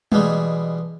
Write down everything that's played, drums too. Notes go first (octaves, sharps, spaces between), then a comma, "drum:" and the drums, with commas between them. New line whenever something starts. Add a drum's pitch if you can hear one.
B2 E3 G3 G#3, drum: tom G3